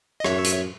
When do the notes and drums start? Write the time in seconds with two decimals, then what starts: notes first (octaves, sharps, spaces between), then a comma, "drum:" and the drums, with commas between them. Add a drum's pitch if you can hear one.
0.20 D#5
0.24 F#2 C#5 E5, drum: rim click
0.44 drum: hi-hat